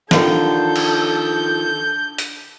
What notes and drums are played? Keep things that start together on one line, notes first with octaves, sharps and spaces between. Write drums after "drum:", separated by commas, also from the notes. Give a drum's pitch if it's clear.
D3 D#3 F3 G3 A4 G6, drum: snare
drum: cymbal
drum: hi-hat